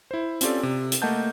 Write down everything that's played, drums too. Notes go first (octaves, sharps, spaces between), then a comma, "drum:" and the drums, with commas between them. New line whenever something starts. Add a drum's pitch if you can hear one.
E4 C5
C4 C#4 F4 G4 A4 D5, drum: hi-hat
C3
drum: hi-hat
A3 A#3 D#5 F#5 A5 G6